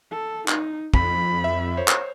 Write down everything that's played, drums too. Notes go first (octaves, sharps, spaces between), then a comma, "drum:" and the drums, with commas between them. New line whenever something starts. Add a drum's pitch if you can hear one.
A4
D#4, drum: clap
F2 B5, drum: kick
E5
C5 C#5
drum: clap